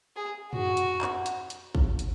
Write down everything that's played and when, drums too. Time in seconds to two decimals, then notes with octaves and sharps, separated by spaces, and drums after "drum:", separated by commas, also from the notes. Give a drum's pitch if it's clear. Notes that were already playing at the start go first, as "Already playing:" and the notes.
0.16 G#4
0.53 F#4, drum: tom
0.77 drum: hi-hat
1.01 drum: clap
1.26 drum: hi-hat
1.50 drum: hi-hat
1.75 drum: kick
1.99 drum: hi-hat